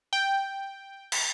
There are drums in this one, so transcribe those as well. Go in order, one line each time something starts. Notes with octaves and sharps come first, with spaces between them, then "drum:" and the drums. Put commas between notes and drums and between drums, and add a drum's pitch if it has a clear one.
G5
drum: cymbal